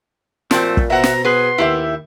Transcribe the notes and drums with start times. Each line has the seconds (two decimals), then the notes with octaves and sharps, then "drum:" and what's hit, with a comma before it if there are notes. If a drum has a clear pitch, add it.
0.51 A#2 F3 A3 C4, drum: snare
0.77 drum: kick
0.90 B2 C4 E5 F#5 A#5
1.04 drum: snare
1.25 B3 G#4 B4 C6
1.58 D#2 E4 G4 E5